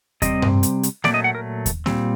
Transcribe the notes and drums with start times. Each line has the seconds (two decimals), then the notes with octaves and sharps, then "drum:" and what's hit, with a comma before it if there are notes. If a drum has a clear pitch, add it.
0.22 C3 G3 C4 D#5, drum: kick D#2, hi-hat
0.42 drum: tom G2
0.63 drum: hi-hat
0.83 drum: hi-hat
1.04 A#2 F#3 A3 D5, drum: snare A#3
1.14 D#5
1.24 F#5
1.35 A#4
1.66 drum: kick D#2, hi-hat
1.86 A#2 G3 C4, drum: snare A#3